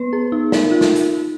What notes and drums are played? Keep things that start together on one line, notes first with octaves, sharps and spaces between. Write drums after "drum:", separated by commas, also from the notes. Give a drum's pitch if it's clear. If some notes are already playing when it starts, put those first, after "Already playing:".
Already playing: B3 B4
G#4
D#4
A#4, drum: snare
F4
drum: snare
drum: hi-hat